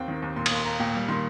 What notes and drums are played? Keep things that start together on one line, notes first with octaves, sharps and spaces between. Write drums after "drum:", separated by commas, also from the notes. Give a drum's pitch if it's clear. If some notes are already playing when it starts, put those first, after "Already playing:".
Already playing: D#2 C4 G5
D#3
D#2
A#2 C6
D#6, drum: cymbal
A#3 C6
A#3 A#5
A#2 G5
G3
D#3 C6